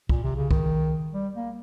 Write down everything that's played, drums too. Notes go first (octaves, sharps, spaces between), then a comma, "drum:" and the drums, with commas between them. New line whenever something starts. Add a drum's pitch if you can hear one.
A#2, drum: kick
C3
C#3
D#3, drum: kick
G3
A#3